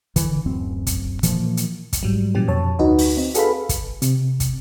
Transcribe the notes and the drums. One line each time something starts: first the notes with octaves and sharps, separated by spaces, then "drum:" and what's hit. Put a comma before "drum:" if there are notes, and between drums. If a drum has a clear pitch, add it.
D3 E3, drum: kick, hi-hat
D1 F#2 C4
drum: kick, hi-hat
A#2 E3 F3 A#3, drum: hi-hat
drum: hi-hat
drum: kick, hi-hat
G#2 F#3 G3
A#2 E3 F#3 C#4 G4
F2 B2 C#5 A5
D2 D#4 F#4 B4 D#5
drum: open hi-hat
C4 D#4
F#4 G#4 A4 B4 F5 B5, drum: hi-hat
drum: kick, hi-hat
C3, drum: hi-hat
drum: kick, hi-hat